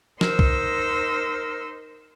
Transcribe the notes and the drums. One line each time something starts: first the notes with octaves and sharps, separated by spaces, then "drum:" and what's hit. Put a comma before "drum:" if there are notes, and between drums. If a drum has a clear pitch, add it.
D#4 A#4 C5 E6, drum: snare
drum: kick C2